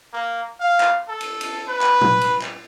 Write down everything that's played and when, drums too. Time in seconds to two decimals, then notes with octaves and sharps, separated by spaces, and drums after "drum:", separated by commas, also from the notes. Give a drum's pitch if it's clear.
0.13 A#3
0.60 F5
0.80 drum: clap
1.09 A4
1.21 drum: cymbal
1.41 drum: cymbal
1.68 B4
1.81 drum: clap
2.01 drum: tom
2.21 drum: cymbal
2.42 drum: clap